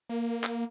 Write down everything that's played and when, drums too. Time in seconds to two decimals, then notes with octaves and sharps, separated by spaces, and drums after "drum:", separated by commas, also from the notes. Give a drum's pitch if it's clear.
0.09 A#3
0.44 drum: clap